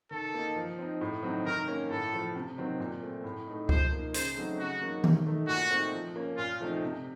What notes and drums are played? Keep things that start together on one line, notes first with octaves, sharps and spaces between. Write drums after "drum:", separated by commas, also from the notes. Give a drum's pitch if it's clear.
D#3 A4
A#3 D#4
F3
C4 D#4
A2
F#3 C4 D#4
D#3 A#4
A#3 C#4
A2 A4
F3 A3
C3
D#3 F#3 C4 D#4
A#2
A3 C4
A2
A3 D#4
F3 C5, drum: kick C#2
A#3 D#4
C#3 C5, drum: hi-hat
F#3 A3 C4 D#4
C#3 F#4
F#3 A#3 D#4
D#3, drum: tom D#3
A3 D#4
A#2 F#4
A3 C4 D#4
F3
A#3 C#4
A#2 F4
F3 A3 C4 D#4
C3